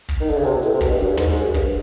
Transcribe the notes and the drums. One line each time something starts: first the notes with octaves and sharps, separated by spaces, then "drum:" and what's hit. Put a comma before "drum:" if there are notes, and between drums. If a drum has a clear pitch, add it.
drum: kick, hi-hat
D#3
D3, drum: hi-hat
C#3
C3, drum: hi-hat
B2
A2, drum: hi-hat
C3
B2, drum: kick, open hi-hat
G2
F#2, drum: hi-hat
G2
G#2, drum: tom
G#2
F#2
G2, drum: kick